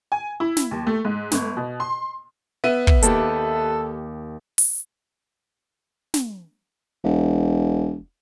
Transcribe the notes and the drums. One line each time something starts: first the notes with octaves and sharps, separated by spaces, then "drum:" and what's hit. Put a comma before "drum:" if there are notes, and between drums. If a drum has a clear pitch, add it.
G#5
E4
drum: snare
D#2
A3
G#2
G1, drum: snare
B2
C6
B3 E5 D#7
drum: kick
D#2 G4 A4, drum: hi-hat
drum: open hi-hat
drum: snare
E1